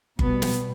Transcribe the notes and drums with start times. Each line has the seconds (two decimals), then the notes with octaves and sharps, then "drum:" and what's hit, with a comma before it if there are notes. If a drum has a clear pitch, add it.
0.19 B2 G3 B3, drum: kick G1
0.42 drum: snare